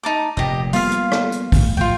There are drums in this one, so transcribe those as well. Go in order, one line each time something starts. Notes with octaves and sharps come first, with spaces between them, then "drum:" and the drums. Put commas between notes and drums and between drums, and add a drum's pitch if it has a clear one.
D#4 A5 D6
F1 A#2 G4 D#5
G3 A#3 B3 F4 F5, drum: open hi-hat
drum: hi-hat
drum: rim click
drum: hi-hat
D2 A2, drum: kick, open hi-hat
E2 A2 F3 F4 G5